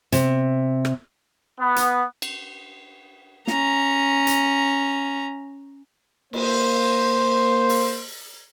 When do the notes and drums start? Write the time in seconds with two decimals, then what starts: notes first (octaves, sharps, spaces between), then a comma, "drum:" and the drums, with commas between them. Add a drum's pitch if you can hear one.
0.12 C3, drum: hi-hat
0.85 drum: rim click
1.59 B3
1.76 drum: hi-hat
2.22 drum: cymbal
3.47 C#4 A#5, drum: snare
4.27 drum: hi-hat
6.33 A#3 C5, drum: cymbal
7.69 drum: open hi-hat